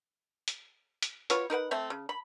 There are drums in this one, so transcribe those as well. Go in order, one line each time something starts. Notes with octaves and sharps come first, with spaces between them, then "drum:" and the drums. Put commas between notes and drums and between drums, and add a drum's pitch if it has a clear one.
drum: hi-hat
drum: hi-hat
F4 F#4 B4 C#5, drum: hi-hat
D#4 A#4 B4 F#5
A3 C4 E5
C#3
B5